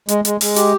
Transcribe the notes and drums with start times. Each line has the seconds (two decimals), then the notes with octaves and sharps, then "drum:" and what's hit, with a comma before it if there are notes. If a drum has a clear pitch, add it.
0.09 G#3, drum: hi-hat
0.25 G#3, drum: hi-hat
0.41 G#3, drum: open hi-hat
0.56 G4, drum: hi-hat